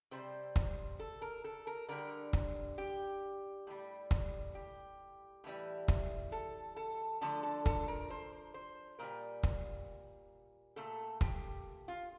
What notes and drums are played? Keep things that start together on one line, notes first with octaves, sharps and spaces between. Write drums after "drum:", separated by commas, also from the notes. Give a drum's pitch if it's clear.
C3 G3 C5
drum: kick
A4
A#4
A4
A#4
D3 G3 A#4
drum: kick
G4
A2 G3
drum: kick
G4
A2 E3 G3
drum: kick
A4
A4
D3 F3 A3 A4
A4
A4, drum: kick
A#4
C5
C5
A#2 G3 A#4
drum: kick
A#2 A3 A4
G4, drum: kick
F4